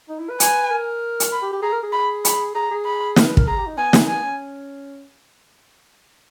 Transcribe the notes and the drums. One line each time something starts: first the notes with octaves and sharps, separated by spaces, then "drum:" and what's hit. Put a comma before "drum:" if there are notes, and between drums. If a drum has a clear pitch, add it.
D#4
E4
B4
G#5, drum: hi-hat
A#4
drum: hi-hat
B5
G4
G4
G#4 A#5
A#4
G#4
B5
B5, drum: hi-hat
G#4 A#5
G#4
B5
A#4, drum: snare
B4
A#4, drum: kick
G#4 A#5
G4
D#4
B3 G#5
A#3, drum: snare
B3 G#5
C#4